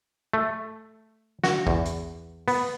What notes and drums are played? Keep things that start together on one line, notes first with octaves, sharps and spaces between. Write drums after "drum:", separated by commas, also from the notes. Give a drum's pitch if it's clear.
A3
F#4, drum: snare
E2, drum: kick
drum: hi-hat
B3, drum: open hi-hat